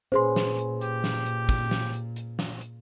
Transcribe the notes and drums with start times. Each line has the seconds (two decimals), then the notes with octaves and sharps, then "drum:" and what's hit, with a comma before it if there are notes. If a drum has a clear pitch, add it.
0.12 A#2 C#4 G#4 B4 C5 C6
0.36 drum: snare
0.59 drum: hi-hat
0.81 G4, drum: hi-hat
1.04 drum: snare
1.26 drum: hi-hat
1.49 drum: kick, hi-hat
1.71 drum: snare
1.94 drum: hi-hat
2.16 drum: hi-hat
2.39 drum: snare
2.61 drum: hi-hat